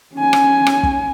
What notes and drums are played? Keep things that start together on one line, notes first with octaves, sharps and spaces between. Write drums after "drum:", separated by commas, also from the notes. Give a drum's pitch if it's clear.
C#4 G#5
drum: rim click
drum: rim click
drum: kick